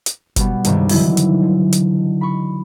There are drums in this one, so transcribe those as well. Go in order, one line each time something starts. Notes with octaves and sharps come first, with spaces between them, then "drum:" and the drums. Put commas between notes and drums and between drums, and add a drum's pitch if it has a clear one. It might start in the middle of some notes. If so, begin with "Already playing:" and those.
drum: hi-hat
B2 G3 B3, drum: kick F#1, hi-hat
C#2 G2 C3 D#3, drum: hi-hat
D3 E3 F#3 D#4 E4 F#4, drum: open hi-hat
drum: hi-hat
D3
drum: hi-hat
B5 C#6